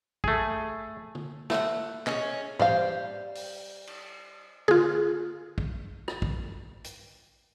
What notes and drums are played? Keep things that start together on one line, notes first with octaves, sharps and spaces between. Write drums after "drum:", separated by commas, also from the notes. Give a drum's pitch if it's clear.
A3 G#4, drum: kick
drum: tom
A3 F#5, drum: snare
C#4 G#4 D#5, drum: clap
G3 C5 F5, drum: tom G#2
drum: open hi-hat
drum: cymbal
F4 G#4, drum: tom
drum: kick
drum: rim click
drum: kick
drum: hi-hat